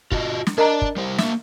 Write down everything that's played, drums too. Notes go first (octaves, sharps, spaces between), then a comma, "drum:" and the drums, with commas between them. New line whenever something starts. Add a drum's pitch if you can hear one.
F4 F#4 D#5, drum: kick
drum: snare
D4 A#4 D5 D#5 A#5
drum: kick
G3 C5
A#3 E5, drum: snare